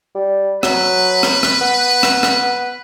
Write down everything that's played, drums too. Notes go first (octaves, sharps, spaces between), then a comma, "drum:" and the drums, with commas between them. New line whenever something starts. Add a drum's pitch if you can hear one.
G3
F#3 B4, drum: rim click
drum: rim click
drum: rim click
B3
drum: rim click
drum: rim click